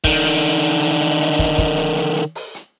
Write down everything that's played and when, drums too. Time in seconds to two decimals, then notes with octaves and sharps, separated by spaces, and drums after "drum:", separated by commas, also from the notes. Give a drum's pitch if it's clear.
0.04 D3 D#3, drum: kick, hi-hat
0.23 drum: hi-hat
0.43 drum: hi-hat
0.62 drum: hi-hat
0.81 drum: open hi-hat
1.01 drum: hi-hat
1.20 drum: hi-hat
1.39 drum: kick, hi-hat
1.58 drum: kick, hi-hat
1.78 drum: hi-hat
1.97 drum: hi-hat
2.16 drum: hi-hat
2.35 drum: open hi-hat
2.55 drum: hi-hat